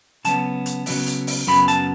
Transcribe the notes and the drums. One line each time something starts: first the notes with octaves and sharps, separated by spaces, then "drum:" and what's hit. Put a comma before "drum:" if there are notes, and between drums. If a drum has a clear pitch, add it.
C#3 F#3 B3 A5, drum: hi-hat
drum: hi-hat
C#3 F#3 B3, drum: open hi-hat
drum: hi-hat
drum: open hi-hat
F#2 C#3 F#3 B3 B5
A5, drum: hi-hat